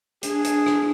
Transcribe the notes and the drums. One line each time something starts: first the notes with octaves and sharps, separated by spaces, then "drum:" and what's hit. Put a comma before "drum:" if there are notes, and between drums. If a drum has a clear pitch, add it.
D4 G#4, drum: hi-hat
drum: hi-hat
drum: rim click